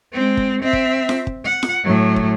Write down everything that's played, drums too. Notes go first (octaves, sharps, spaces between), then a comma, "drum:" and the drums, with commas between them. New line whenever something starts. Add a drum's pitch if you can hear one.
G#3 C4
drum: kick
C4 E5
drum: kick
drum: snare F4
drum: kick
F#5
drum: snare F4
A2 F#3
drum: kick